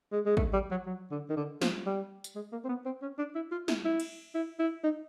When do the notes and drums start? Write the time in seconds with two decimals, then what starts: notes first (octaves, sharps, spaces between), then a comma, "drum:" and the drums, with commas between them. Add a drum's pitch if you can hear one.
0.12 G#3
0.26 G#3
0.37 A3, drum: kick
0.53 G3
0.71 F#3
0.86 F#3
1.11 D3
1.30 D#3
1.37 D3
1.61 F3, drum: snare
1.86 G3
2.24 drum: tambourine
2.36 G#3
2.52 A#3
2.65 C4
2.69 B3
2.86 C4
3.02 C#4
3.18 D4
3.35 E4
3.52 F4
3.68 E4, drum: snare
3.85 E4
4.00 drum: cymbal
4.35 E4
4.60 E4
4.84 D#4